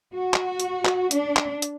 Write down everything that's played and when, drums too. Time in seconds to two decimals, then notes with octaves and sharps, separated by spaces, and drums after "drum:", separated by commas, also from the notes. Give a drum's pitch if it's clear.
0.14 F#4
0.34 drum: clap
0.60 drum: hi-hat
0.85 drum: clap
1.11 D4, drum: hi-hat
1.37 drum: clap
1.62 drum: hi-hat